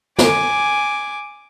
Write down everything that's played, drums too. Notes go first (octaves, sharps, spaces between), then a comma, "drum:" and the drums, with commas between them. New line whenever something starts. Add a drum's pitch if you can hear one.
G#5 D6, drum: snare